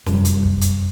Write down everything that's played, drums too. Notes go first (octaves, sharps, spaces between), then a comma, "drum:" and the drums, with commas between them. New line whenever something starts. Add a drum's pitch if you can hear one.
F1 F#2 F#3 G3, drum: snare
drum: hi-hat
drum: kick
drum: hi-hat